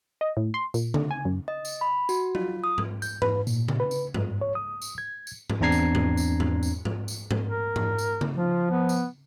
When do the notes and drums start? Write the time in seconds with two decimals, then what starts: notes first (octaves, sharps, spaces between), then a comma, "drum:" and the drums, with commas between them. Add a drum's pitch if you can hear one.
0.21 D#5
0.37 A2
0.54 C6
0.74 A#2, drum: tambourine
0.94 D3, drum: tom C#3
1.11 G#5
1.25 F#2
1.48 D#5
1.65 drum: tambourine
1.81 B5
2.09 F#4, drum: tambourine
2.35 F4, drum: tom F#3
2.64 D#6
2.78 drum: tom G#2
3.02 G6, drum: tambourine
3.22 B4, drum: tom G#2
3.47 A#2, drum: tambourine
3.68 drum: tom C#3
3.80 B4
3.91 drum: tambourine
4.14 G2, drum: tom G#2
4.41 C#5
4.55 D#6
4.82 drum: tambourine
4.98 G#6
5.27 drum: tambourine
5.50 drum: tom G#2
5.61 E2 C4 D4 A#5 G#6 C7
5.72 drum: tambourine
5.95 drum: tom G#2
6.17 drum: tambourine
6.40 drum: tom G#2
6.63 drum: tambourine
6.85 drum: tom G#2
7.08 drum: tambourine
7.31 drum: tom G#2
7.48 A#4
7.76 drum: tom G#2
7.98 drum: tambourine
8.21 drum: tom C#3
8.35 F3 F4
8.71 B3
8.89 drum: tambourine